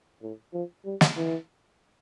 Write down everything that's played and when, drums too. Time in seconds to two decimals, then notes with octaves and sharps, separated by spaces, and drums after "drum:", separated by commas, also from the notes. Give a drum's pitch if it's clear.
0.23 A2
0.53 F3
0.85 G3
1.01 drum: snare
1.17 E3